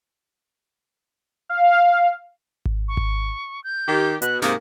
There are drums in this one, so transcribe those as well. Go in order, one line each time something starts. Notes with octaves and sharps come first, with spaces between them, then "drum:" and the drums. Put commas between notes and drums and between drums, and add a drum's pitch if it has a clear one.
F5
drum: kick G#1
C#6
drum: kick G#1
G6
D#3 G4
B2 F#6, drum: hi-hat
G#2 C3 A#3 D#6, drum: snare